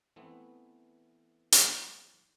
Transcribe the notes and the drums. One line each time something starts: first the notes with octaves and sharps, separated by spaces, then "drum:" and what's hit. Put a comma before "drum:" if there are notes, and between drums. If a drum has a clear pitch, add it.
E3 A3 B3 C4
drum: hi-hat